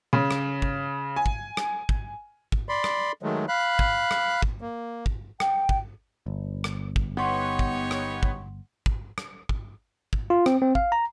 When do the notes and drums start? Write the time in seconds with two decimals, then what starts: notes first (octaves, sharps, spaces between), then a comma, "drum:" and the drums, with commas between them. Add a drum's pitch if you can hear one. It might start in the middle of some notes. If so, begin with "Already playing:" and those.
0.13 C#3
0.31 drum: rim click
0.62 drum: kick
1.16 G#5
1.26 drum: kick
1.57 drum: rim click
1.89 drum: kick
2.52 drum: kick
2.69 D5 B5 C6
2.84 drum: rim click
3.23 D#3 F#3 G#3 A3
3.48 F5 B5 F#6
3.79 drum: kick
4.11 drum: rim click
4.42 drum: kick
4.61 A#3
5.06 drum: kick
5.40 G5, drum: rim click
5.69 drum: kick
6.26 G1
6.64 drum: rim click
6.96 drum: kick
7.17 B3 D#4 G4 C#5 F#5 C6
7.59 drum: kick
7.91 drum: rim click
8.23 drum: kick
8.86 drum: kick
9.18 drum: rim click
9.49 drum: kick
10.13 drum: kick
10.30 F4
10.46 C4, drum: rim click
10.62 C4
10.75 F5, drum: kick
10.92 A#5